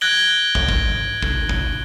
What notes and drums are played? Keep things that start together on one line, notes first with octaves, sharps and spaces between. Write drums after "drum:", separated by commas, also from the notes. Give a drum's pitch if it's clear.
F#6 G#6 A#6 D7 F#7 G7
drum: kick
drum: kick
drum: kick
drum: kick